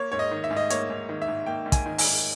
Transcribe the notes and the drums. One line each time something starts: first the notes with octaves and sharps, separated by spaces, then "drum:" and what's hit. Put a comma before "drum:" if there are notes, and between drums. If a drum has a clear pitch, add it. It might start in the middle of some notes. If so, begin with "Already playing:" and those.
Already playing: A#3 C#5
G#2 C#5
D#5
D#3
E5
G#2
D#5
A#3 C#5, drum: hi-hat
G#2
D#3
E5
G#2
A#3 G5
G#2
G#5, drum: kick, hi-hat
D#3
G#5, drum: open hi-hat
G#2